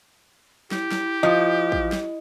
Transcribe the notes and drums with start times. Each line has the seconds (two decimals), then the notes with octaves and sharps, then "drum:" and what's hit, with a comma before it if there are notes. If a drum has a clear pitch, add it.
0.71 E4 G4, drum: snare
0.92 drum: snare
1.23 F3 D#5
1.72 drum: kick
1.92 drum: snare